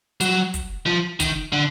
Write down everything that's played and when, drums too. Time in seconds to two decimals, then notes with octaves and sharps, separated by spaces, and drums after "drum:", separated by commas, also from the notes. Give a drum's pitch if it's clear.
0.21 F#3, drum: hi-hat
0.54 drum: kick, hi-hat
0.86 F3
1.20 D#3, drum: kick, hi-hat
1.53 D3